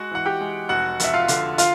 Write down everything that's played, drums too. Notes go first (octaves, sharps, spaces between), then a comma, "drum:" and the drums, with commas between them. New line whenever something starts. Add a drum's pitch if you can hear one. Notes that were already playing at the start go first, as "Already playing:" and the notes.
Already playing: G#3 F#4 F#5
E3 F#5
G4 G5
G#3
F1 F#4 F#5
F1 E5, drum: hi-hat
F4 F5
D3, drum: hi-hat
F4 F5, drum: hi-hat